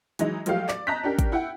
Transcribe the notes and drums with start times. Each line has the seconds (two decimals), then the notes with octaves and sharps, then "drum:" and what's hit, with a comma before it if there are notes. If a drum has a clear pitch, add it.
0.19 E3 F#3 G#3 D#4, drum: hi-hat
0.46 F3 F#3 G#3 A3 G4 F5, drum: hi-hat
0.69 D5, drum: clap
0.87 D#5 A5 A#5 F#6 G6 B6
1.03 C#4 D4 G4 A#4
1.19 drum: kick, hi-hat
1.32 E4 F#5 G5